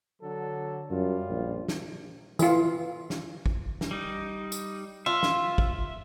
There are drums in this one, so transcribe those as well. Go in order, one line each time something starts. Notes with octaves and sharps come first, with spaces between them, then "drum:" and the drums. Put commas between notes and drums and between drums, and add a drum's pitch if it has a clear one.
D3 F#3 A4
F#2 G3 F4
A#1
drum: snare
E3 F4, drum: tambourine
drum: snare
drum: kick
drum: snare
G3 D#4
drum: tambourine
F4 E5
drum: snare
drum: kick